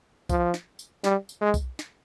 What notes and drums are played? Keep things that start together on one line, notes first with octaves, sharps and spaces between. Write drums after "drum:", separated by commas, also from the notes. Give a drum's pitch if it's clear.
F3, drum: kick B1, tambourine
drum: snare
drum: tambourine
G3, drum: snare
drum: tambourine
G#3
drum: kick B1, tambourine
drum: snare